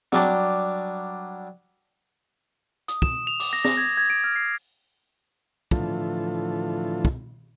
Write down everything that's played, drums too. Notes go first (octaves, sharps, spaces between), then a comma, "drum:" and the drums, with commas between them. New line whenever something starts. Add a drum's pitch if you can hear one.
F#3 G3 D4, drum: snare
D#6, drum: hi-hat
E7, drum: kick
F7
D6, drum: open hi-hat
A#6
A#6, drum: snare
G#6
G#6
D7
F6
C7
A2 D3 E3 F3 F4 A4, drum: kick
drum: kick